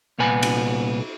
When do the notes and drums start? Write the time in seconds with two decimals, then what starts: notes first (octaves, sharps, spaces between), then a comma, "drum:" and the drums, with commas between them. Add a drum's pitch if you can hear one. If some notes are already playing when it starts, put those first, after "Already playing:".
0.19 C2 A#2 B3 B4 G#5
0.43 drum: cymbal